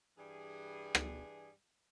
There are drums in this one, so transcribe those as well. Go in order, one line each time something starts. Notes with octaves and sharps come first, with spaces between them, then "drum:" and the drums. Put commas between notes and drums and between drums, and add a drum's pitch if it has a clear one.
G2 E3 G3 G#4
drum: rim click